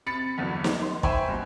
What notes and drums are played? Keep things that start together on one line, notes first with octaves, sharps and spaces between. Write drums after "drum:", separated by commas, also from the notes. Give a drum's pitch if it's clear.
C3 B5 A6 C#7
G1 E2 F#3
drum: snare
C6
C5 E5 G5 G#5 B5 C#6, drum: kick
G2 B2